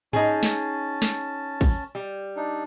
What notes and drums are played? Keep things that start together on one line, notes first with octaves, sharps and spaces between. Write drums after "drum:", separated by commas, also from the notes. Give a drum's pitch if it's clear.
C#4 D#4 G#4 A5, drum: tom G#2
drum: snare
drum: snare
drum: kick, open hi-hat
G3
D4 D#4